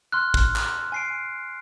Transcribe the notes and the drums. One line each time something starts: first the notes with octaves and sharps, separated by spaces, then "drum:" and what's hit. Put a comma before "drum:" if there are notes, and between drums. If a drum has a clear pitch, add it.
C6 F6 F#6
drum: kick
drum: clap
G#5 C7 D7